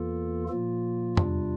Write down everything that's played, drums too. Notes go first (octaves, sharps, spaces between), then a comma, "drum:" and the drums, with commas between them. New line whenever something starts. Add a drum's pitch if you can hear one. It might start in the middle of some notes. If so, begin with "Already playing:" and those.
Already playing: E2 E3 A#3 F4 A4
A#2 F3 A#3 F4
E2 C3 G3 D4 F4, drum: tom F2